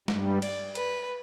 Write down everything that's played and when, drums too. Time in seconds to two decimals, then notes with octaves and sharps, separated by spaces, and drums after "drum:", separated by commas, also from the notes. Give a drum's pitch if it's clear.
0.08 G2 G3, drum: snare
0.42 D5, drum: cymbal
0.75 B4, drum: hi-hat